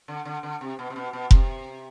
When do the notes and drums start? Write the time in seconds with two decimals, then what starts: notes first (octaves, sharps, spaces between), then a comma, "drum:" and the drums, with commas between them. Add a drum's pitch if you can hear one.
0.08 D3
0.25 D3
0.43 D3
0.61 C3
0.79 B2
0.90 C3
0.96 B2
1.13 B2
1.31 C3, drum: kick F1